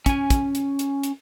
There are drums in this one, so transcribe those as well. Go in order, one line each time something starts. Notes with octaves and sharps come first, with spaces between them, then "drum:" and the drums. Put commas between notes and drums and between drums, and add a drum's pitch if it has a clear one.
C#4 G#5, drum: kick, hi-hat
drum: kick, hi-hat
drum: hi-hat
drum: hi-hat
drum: hi-hat